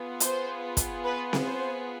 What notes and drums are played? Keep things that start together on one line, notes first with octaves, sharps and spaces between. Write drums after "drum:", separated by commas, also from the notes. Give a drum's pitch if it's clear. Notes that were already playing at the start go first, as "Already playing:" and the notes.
Already playing: B3 F4 G#4
C5, drum: hi-hat
drum: kick, hi-hat
B4
drum: snare C4
C5